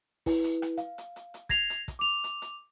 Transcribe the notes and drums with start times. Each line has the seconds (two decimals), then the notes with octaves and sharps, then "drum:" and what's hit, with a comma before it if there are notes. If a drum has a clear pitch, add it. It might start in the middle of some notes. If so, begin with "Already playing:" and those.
0.26 E4 B4, drum: kick, open hi-hat
0.44 drum: hi-hat
0.62 drum: rim click
0.78 F5, drum: hi-hat
0.98 drum: hi-hat
1.16 drum: hi-hat
1.34 drum: hi-hat
1.49 G#6 A#6 C7 F7, drum: kick, hi-hat
1.70 drum: hi-hat
1.88 drum: kick, hi-hat
1.99 D6 F7
2.24 drum: hi-hat
2.42 drum: hi-hat